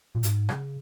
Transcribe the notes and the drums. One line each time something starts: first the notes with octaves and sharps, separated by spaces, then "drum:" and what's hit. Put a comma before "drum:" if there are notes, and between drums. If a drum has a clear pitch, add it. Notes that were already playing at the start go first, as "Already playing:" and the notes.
A#2
G#2, drum: hi-hat
C#3, drum: rim click